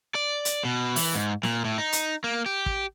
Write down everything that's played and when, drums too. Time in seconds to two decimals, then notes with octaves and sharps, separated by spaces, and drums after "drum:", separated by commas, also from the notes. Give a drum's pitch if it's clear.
0.15 D5
0.45 drum: hi-hat
0.65 B2
0.96 E3, drum: open hi-hat
1.15 G#2
1.43 A#2, drum: snare
1.65 A2
1.78 D#4
1.92 drum: hi-hat
2.24 A#3
2.46 G4
2.66 drum: kick